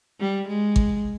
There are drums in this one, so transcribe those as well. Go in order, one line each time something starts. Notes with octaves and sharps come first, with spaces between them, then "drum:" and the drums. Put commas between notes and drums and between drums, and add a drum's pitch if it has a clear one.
G3
G#3
drum: kick G#1